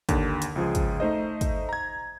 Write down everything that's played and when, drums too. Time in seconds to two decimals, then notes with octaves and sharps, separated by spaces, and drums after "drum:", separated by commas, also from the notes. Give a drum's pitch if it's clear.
0.09 D#2 D3, drum: kick, hi-hat
0.42 drum: hi-hat
0.56 C#2 F3 G#4
0.75 drum: kick, hi-hat
1.00 A3 D#4 C5 D#5
1.41 drum: kick, hi-hat
1.69 A#5 G#6